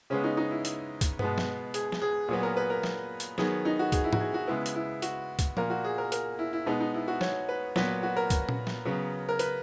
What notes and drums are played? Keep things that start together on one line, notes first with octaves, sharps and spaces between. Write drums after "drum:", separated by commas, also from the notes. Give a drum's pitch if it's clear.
C#3 G#3 B3 C#4
D#4
D#4
E4
drum: hi-hat
drum: kick, hi-hat
B2 G#3 B3, drum: tom G2
drum: snare
G#4, drum: hi-hat
drum: snare
G#4
A#2 F#3 B3 G#4
A#4
B4
A#4
drum: snare
drum: hi-hat
D#3 F#3 B3 G#4, drum: snare
D#4
F#4
G#4, drum: kick, hi-hat
E4
F#4, drum: tom G#2
G#4
F#4
C#3 G#3 B3 E4
drum: hi-hat
E4
F#4, drum: hi-hat
drum: kick, hi-hat
A#2 A#3 A#4, drum: tom F3
F#4
G#4
A#4
A#4, drum: hi-hat
E4
E4
B2 G#3 B3 D#4
D#4
E4
F#4
C#5, drum: snare
B4
A#2 F#3 B3 B4, drum: snare
F#4
A#4
drum: kick, hi-hat
drum: tom A#2
drum: snare
C#3 F#3 B3
A#4
B4, drum: hi-hat